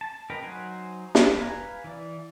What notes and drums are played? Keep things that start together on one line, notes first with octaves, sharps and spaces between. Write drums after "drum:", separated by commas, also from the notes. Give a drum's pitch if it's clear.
A5
A#4 B4 D#5 G5
F#3 D#4 C5 F#5 G#5
drum: snare
B4 F5 G#5 A#5
E3 D5